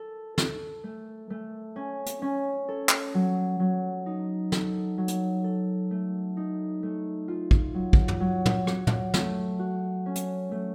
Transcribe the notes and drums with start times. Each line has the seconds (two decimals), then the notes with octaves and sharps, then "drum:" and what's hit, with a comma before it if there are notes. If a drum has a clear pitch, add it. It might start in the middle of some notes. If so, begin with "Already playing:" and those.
Already playing: A4
0.38 A4, drum: snare
0.84 A3
1.30 A3
1.76 C#4
2.06 drum: hi-hat
2.22 C#4
2.68 A4
2.89 drum: clap
3.14 F#3
3.60 F#3
4.06 D#4
4.52 A4, drum: snare
4.98 F#3
5.08 drum: hi-hat
5.44 A4
5.91 A3
6.37 D#4
6.83 A3
7.28 F4
7.51 drum: kick
7.74 F#3
7.93 drum: kick
8.08 drum: tom
8.20 F#3
8.46 drum: tom
8.67 F#3, drum: rim click
8.87 drum: tom
9.14 A3, drum: snare
9.59 F#4
10.06 C#4
10.16 drum: hi-hat
10.51 A3